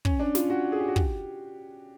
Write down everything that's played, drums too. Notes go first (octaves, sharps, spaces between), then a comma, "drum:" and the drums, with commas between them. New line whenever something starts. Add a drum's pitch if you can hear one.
C#4, drum: kick
D4
F4, drum: snare
F#4
G#4
G4
F#4
G4, drum: kick